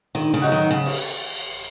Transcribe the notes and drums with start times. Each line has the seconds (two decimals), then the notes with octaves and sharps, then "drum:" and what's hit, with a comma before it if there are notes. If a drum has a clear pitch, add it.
0.15 A#1 D#3
0.34 C#3
0.42 G#2 F#3 D#4 F#4
0.52 D#3
0.71 C#3
0.86 drum: cymbal